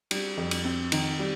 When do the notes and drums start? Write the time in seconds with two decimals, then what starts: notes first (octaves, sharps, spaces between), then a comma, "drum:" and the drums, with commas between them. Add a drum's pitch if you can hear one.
0.11 G3, drum: cymbal
0.37 F2
0.51 drum: cymbal
0.65 C4
0.92 D#3, drum: cymbal
1.19 G3